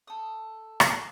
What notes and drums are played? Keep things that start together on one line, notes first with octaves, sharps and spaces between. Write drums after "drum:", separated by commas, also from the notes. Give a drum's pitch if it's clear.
A4 D#6
drum: rim click